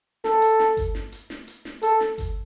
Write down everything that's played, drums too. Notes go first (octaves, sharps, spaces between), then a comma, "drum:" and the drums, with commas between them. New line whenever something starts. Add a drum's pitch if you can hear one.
A4, drum: snare
drum: hi-hat
drum: snare
drum: kick G1, hi-hat
drum: snare
drum: hi-hat
drum: snare
drum: hi-hat
drum: snare
A4, drum: hi-hat
drum: snare
drum: kick G1, hi-hat